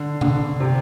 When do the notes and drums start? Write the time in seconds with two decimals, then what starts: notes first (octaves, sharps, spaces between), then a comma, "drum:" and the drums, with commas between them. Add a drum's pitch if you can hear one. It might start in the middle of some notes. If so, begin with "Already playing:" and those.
Already playing: D3
0.21 D3, drum: tom C3
0.60 C3